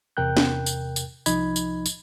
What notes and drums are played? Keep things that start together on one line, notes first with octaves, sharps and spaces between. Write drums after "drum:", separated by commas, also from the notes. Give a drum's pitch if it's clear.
E2 C3 A#4 G5 F#6 G6
drum: snare B3
drum: tambourine
drum: tambourine
C2 F3 D#4 D#5 B5 G#6, drum: tambourine
drum: tambourine
drum: tambourine